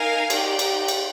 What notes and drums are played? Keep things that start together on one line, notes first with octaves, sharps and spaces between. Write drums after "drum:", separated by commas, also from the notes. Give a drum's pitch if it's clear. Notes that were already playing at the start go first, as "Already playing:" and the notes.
Already playing: D#4 A#4 F5 G#5
D#4 G4 D5 G5, drum: cymbal
drum: cymbal
drum: cymbal